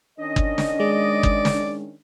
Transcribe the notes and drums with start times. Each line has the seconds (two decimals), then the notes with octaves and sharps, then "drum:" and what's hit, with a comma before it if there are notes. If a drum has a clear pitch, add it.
0.19 D#3 C#4 D4 D#5
0.36 drum: kick
0.58 drum: snare
0.80 G#3 D5
1.23 drum: kick
1.45 drum: snare